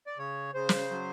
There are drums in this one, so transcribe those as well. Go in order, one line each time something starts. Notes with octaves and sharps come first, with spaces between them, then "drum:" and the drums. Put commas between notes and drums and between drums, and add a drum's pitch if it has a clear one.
D5
C#3 C#5
C#3 C5
drum: snare
F#3